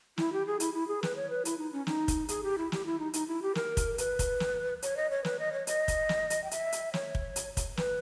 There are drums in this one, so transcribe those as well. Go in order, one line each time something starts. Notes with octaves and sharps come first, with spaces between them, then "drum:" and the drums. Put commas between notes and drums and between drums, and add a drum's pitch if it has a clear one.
E4, drum: snare
G4
G#4
E4, drum: hi-hat
E4
G#4
B4, drum: snare
C#5
B4
E4, drum: hi-hat
D#4
C#4
D#4, drum: snare
drum: kick, hi-hat
G#4, drum: hi-hat
G4
E4
G4, drum: snare
E4
D#4
D#4, drum: hi-hat
E4
G4
A#4, drum: snare
drum: kick, hi-hat
A#4
B4, drum: hi-hat
drum: kick, hi-hat
drum: snare
C#5, drum: hi-hat
D#5
C#5
B4, drum: snare
D#5
C#5
D#5, drum: hi-hat
drum: kick, hi-hat
drum: snare
drum: hi-hat
G5
E5, drum: hi-hat
drum: hi-hat
C#5, drum: snare
drum: kick
drum: hi-hat
drum: kick, hi-hat
B4, drum: snare